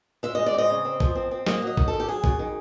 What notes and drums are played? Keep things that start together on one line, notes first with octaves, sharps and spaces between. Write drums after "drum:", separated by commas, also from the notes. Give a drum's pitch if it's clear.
G#3 E5
G#3 D#5
D5
C4 D#5
C#3
C4
F3, drum: kick A1
C4
C4
A#3 D#5, drum: snare
F#3 D#5
D#3, drum: kick A1
A4
D#3
G4
F#3 G#4
F#2, drum: kick A1
D#3